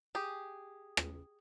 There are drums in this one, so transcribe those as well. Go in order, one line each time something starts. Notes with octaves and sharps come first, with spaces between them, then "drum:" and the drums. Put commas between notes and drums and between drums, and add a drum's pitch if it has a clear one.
G4 G#4
drum: rim click